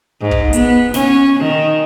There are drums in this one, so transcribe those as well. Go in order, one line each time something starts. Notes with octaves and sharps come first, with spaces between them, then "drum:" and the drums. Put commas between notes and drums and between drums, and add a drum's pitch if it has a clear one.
G#2
drum: kick
B3, drum: hi-hat
C#4, drum: snare
D#3